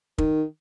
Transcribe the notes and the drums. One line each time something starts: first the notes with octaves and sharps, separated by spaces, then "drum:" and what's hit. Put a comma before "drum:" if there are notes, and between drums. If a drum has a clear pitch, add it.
D#3, drum: kick